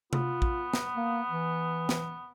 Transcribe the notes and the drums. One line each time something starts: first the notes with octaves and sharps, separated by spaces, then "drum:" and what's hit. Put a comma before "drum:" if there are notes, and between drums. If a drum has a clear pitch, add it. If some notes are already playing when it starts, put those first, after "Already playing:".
B3 F4, drum: tom C3
drum: kick
drum: snare
A#3
E3
drum: snare